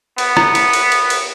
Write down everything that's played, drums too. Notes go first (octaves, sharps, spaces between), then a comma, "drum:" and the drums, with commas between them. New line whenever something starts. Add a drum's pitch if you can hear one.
B3, drum: cymbal
drum: rim click
drum: cymbal
drum: cymbal
drum: cymbal
drum: cymbal